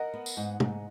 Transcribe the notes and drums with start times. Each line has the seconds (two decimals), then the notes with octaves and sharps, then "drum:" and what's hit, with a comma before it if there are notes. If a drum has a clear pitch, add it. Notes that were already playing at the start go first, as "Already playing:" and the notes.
Already playing: A#4 D#5 F#5
0.14 B3
0.26 drum: tambourine
0.37 G#2
0.60 G#2, drum: tom